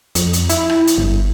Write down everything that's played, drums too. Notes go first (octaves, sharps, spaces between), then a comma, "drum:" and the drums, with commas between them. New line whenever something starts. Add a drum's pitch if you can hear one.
F2, drum: hi-hat
drum: hi-hat
E4, drum: hi-hat
drum: rim click
drum: hi-hat
G1